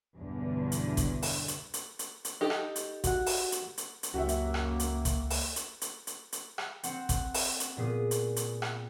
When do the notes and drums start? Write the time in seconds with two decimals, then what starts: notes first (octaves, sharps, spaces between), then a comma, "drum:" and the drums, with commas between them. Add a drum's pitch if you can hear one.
0.17 B1 E2 G2 D3
0.72 drum: hi-hat
0.97 drum: kick, hi-hat
1.23 drum: open hi-hat
1.48 drum: hi-hat
1.74 drum: hi-hat
1.99 drum: hi-hat
2.25 drum: hi-hat
2.41 D#4 G4 A4
2.50 drum: rim click
2.76 drum: hi-hat
3.04 F#4 F#5, drum: kick, hi-hat
3.27 drum: open hi-hat
3.52 drum: hi-hat
3.78 drum: hi-hat
4.03 drum: hi-hat
4.14 C#2 F#2 A#3 F#4 G4 E5
4.29 drum: hi-hat
4.54 drum: rim click
4.80 drum: hi-hat
5.05 drum: kick, hi-hat
5.31 drum: open hi-hat
5.56 drum: hi-hat
5.82 drum: hi-hat
6.07 drum: hi-hat
6.32 drum: hi-hat
6.58 drum: rim click
6.83 C4 F#5, drum: hi-hat
7.09 drum: kick, hi-hat
7.34 drum: open hi-hat
7.60 drum: hi-hat
7.77 A#2 B3 G#4 D#6
8.11 drum: hi-hat
8.36 drum: hi-hat
8.62 drum: rim click